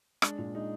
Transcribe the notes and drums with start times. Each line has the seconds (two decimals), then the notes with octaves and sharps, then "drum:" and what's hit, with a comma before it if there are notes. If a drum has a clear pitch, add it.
0.22 G#3 D4, drum: rim click
0.39 A#2
0.55 G#3 D#4